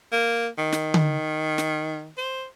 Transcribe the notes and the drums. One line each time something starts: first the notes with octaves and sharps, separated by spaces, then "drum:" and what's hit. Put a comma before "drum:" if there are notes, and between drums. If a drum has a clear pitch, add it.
A#3
D#3
drum: snare
drum: tom D3
drum: snare
C5